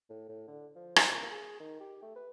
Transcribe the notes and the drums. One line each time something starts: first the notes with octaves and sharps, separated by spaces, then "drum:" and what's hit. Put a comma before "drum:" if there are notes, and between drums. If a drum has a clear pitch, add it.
A2
A2
D3
F3
C3, drum: rim click
A#3
G#4
D#3
G4
A3
B4